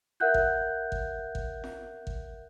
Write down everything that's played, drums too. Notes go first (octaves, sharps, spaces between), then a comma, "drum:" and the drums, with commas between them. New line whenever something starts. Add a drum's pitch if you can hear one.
A#4 E5 F#5 F#6 G6
drum: kick
drum: kick
drum: kick
drum: snare
drum: kick